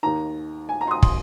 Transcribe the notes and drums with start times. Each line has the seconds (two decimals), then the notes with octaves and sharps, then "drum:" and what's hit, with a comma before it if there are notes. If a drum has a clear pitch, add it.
0.03 D#2 D#3 A#5
0.69 G#5
0.81 A#5
0.87 C6
0.91 D#6
1.03 C6, drum: kick